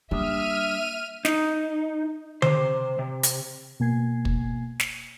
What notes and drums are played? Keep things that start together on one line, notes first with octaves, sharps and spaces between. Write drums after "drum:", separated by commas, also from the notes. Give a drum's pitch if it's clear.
G3 A#3 D4 E5 D#6 F6 D#7
D#4, drum: snare
C3 C5, drum: tom D3
C3
drum: hi-hat
B2 A#3 G#5 G#6 C7
drum: kick
drum: snare